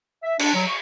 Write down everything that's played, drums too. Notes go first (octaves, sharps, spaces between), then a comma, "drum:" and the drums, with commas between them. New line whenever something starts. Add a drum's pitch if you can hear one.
E5
D4, drum: cymbal
F#3
C#6